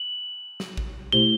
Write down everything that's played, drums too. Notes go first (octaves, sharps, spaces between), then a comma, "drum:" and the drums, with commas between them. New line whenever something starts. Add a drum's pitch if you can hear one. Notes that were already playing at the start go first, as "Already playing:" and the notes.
Already playing: F#7
drum: snare
drum: kick A1
B2 A3 E4 G4 C5 G7